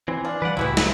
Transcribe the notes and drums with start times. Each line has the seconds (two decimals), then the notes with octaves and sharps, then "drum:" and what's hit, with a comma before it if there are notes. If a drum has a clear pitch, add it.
0.08 E3 C4 G#5
0.25 D4 F5
0.42 E3 G3 B4 D5 F#5
0.57 C#2 A2 C3 E3 G#3 E4 F#4 G4
0.77 drum: snare